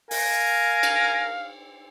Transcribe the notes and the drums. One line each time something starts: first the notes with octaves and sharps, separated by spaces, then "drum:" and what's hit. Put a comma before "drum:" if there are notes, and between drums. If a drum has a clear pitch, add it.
A#4 F5 G#5, drum: open hi-hat
drum: cymbal